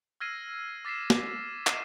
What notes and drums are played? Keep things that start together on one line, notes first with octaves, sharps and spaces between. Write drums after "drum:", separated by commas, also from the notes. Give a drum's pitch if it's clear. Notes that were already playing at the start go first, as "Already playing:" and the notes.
E6 F6 G#6 A#6 C7 D#7
D6 A6 B6 C7 E7
drum: snare
D6 C7 D#7 E7, drum: clap